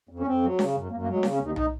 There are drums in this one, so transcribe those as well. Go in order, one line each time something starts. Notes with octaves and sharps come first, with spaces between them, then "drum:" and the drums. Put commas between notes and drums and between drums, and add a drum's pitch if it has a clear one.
F2
C#4
F2 C4
F#3
C#3, drum: snare C#4
F#2
F#2 A#3
A#3
F#3
G#3
C#3 A#3, drum: snare C#4
C#4
D#2
D#4
D#4, drum: tom B1